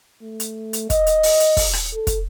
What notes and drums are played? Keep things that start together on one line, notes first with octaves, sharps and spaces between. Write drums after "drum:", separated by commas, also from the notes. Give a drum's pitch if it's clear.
A3
drum: hi-hat
drum: hi-hat
D#5, drum: kick, hi-hat
drum: hi-hat
drum: open hi-hat
drum: hi-hat
drum: kick, open hi-hat
drum: rim click
A4
drum: kick, hi-hat